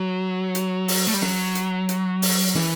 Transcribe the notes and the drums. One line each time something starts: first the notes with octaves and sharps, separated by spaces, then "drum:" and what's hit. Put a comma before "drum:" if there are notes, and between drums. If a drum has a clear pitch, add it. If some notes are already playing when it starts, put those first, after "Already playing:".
Already playing: F#3
drum: hi-hat
drum: open hi-hat
A3
G3
F#3, drum: snare
drum: hi-hat
drum: hi-hat
drum: open hi-hat
E3, drum: snare